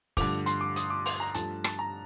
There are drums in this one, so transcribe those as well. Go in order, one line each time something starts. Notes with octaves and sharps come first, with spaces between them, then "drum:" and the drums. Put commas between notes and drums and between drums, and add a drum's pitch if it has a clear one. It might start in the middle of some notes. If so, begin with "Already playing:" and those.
G2 D3 F3 A3 D6, drum: kick, open hi-hat
C6, drum: hi-hat
D6
D#6, drum: hi-hat
D6
C6, drum: open hi-hat
A#5
G2 F3 A3 A5, drum: hi-hat
A5, drum: rim click
A#5